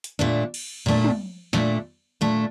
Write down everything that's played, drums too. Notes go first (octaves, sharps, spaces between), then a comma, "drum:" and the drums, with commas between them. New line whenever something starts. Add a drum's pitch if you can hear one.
drum: hi-hat
A#2 A3 D4
drum: cymbal
A#2 A3 D4
drum: tom
A#2 A3 D4, drum: snare
A#2 A3 D4